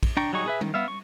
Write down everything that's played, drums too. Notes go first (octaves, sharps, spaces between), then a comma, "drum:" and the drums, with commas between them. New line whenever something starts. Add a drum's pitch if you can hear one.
drum: kick, cymbal
D4 G5 A#5 C#6
F#3 G3 D#4 G#4 C#6
G#4 B4 E5
D#3, drum: tom G3
B3 E5 F5
C#6